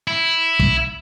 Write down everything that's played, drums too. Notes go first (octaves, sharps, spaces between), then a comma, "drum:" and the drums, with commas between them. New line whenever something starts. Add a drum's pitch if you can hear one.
E4
drum: kick